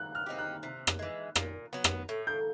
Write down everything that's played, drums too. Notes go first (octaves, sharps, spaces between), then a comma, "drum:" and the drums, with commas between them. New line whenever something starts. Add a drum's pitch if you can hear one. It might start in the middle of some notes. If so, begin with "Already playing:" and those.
Already playing: F#6
F6
C4 D#4 G4
F#6
C3
drum: rim click
E3 G#3
A#2, drum: rim click
F#3 B3
drum: rim click
A2
G6